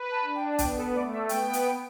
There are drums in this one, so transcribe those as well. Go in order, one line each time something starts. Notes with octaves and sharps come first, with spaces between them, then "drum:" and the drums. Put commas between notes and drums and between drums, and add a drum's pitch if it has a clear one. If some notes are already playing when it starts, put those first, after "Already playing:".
Already playing: B4
A5
D4
G5
A5
B3 G5, drum: kick, hi-hat
A4
A3 D5
E5
B3 G5, drum: hi-hat
drum: hi-hat